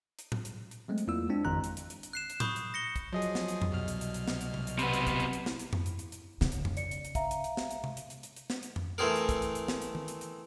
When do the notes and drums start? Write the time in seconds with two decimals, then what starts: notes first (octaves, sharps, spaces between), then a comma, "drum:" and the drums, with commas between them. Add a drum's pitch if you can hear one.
0.19 drum: hi-hat
0.32 drum: tom A2
0.45 drum: hi-hat
0.71 drum: hi-hat
0.88 F#3 G#3 A3 C4
0.98 drum: hi-hat
1.07 E2 A#3 E4 F4 E6
1.29 G#3 C4 D4
1.45 G#1 F2 D#3 A#5 F#6
1.64 drum: hi-hat
1.77 drum: hi-hat
1.90 drum: hi-hat
2.03 drum: hi-hat
2.13 F#6 C7 E7
2.30 drum: hi-hat
2.40 B5 C#6 D#6 G6, drum: tom A2
2.56 drum: hi-hat
2.74 A#6 C#7 G7
2.96 drum: kick, hi-hat
3.13 F3 F#3 G#4 D#5
3.22 drum: hi-hat
3.35 drum: snare
3.48 drum: hi-hat
3.62 drum: tom F2
3.71 C2 B2 F6
3.88 drum: hi-hat
4.01 drum: hi-hat
4.14 drum: hi-hat
4.28 drum: snare
4.41 drum: hi-hat
4.54 drum: tom C3
4.67 drum: hi-hat
4.79 C3 B3 B4, drum: hi-hat
4.93 drum: hi-hat
5.07 drum: kick, hi-hat
5.20 drum: hi-hat
5.33 drum: hi-hat
5.46 E4, drum: snare
5.59 drum: hi-hat
5.73 drum: tom F2
5.86 drum: hi-hat
5.99 drum: hi-hat
6.12 drum: hi-hat
6.41 C#3, drum: snare
6.52 drum: hi-hat
6.65 drum: tom F2
6.77 D5 C#7, drum: hi-hat
6.91 drum: hi-hat
7.05 drum: hi-hat
7.15 E5 F5 A#5, drum: kick, hi-hat
7.31 drum: hi-hat
7.44 drum: hi-hat
7.57 drum: snare
7.71 drum: hi-hat
7.84 drum: tom C3
7.97 drum: hi-hat
8.10 drum: hi-hat
8.23 drum: hi-hat
8.36 drum: hi-hat
8.50 drum: snare
8.63 drum: hi-hat
8.76 drum: tom F2
8.98 E3 A3 C4 G#4 A#4
9.16 drum: hi-hat
9.29 drum: kick, hi-hat
9.42 drum: hi-hat
9.55 drum: hi-hat
9.68 drum: snare
9.82 drum: hi-hat
9.95 drum: tom D#3
10.08 drum: hi-hat
10.21 drum: hi-hat